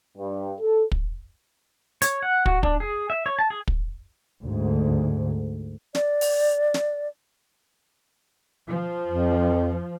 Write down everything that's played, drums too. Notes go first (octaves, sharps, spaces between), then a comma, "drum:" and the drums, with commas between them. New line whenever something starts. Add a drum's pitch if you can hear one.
G2
A4
drum: kick
C#5, drum: hi-hat
F#5
F#4, drum: kick
D4, drum: kick
G#4
E5
C#5
A5
G#4
drum: kick
D2 G#2
D5, drum: snare
drum: open hi-hat
drum: snare
F3
F2